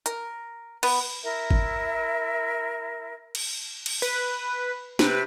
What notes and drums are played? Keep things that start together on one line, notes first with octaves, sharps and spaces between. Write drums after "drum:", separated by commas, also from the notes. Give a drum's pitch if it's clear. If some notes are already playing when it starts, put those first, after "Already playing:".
A#4, drum: hi-hat
B3, drum: cymbal
E4 A#4 E5
drum: kick G#1
drum: cymbal
drum: cymbal
B4, drum: tambourine
C3 B4, drum: snare